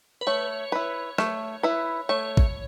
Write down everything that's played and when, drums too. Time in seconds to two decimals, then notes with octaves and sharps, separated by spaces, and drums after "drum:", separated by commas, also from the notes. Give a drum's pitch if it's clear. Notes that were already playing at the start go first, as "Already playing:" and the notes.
0.21 B4
0.27 A3 C#5
0.72 E4 B4
1.18 A3, drum: rim click
1.63 E4 B4
2.09 A3 C#5
2.37 drum: kick A1